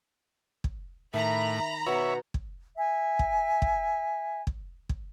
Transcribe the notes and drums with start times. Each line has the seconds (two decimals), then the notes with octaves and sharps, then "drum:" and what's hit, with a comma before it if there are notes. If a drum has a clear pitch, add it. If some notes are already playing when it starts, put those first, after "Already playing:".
0.64 drum: kick
1.14 A2 D#3 E5 A#5 B5
1.86 B2 C#5 E5 F#5
2.34 drum: kick
2.77 E5 G#5
3.19 drum: kick
3.62 drum: kick
4.47 drum: kick
4.89 drum: kick